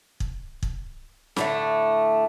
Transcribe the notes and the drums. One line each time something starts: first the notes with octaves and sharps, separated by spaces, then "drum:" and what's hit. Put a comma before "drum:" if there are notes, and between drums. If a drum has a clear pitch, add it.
drum: kick
drum: kick
A2 D3 A3, drum: snare